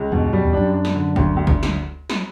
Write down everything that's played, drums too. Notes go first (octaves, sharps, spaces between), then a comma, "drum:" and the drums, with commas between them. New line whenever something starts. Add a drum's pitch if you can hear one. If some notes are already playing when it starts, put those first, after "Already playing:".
Already playing: C#2
E2 G2 B2
F#2 G3
E2
F#2 D4
D4
drum: snare
D3
D2, drum: kick F#1
D2
drum: kick F#1
drum: snare
drum: snare